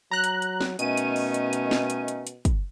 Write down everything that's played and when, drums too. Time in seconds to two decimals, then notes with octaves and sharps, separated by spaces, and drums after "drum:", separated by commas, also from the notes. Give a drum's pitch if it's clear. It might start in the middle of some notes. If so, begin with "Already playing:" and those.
0.11 F#3 A#5 F#6
0.24 drum: hi-hat
0.42 drum: hi-hat
0.61 drum: snare
0.79 B2 D#3 A3 C#4 D#7, drum: hi-hat
0.97 drum: hi-hat
1.16 drum: open hi-hat
1.34 drum: hi-hat
1.53 drum: hi-hat
1.71 drum: snare
1.90 drum: hi-hat
2.08 drum: hi-hat
2.27 drum: hi-hat
2.45 drum: kick, hi-hat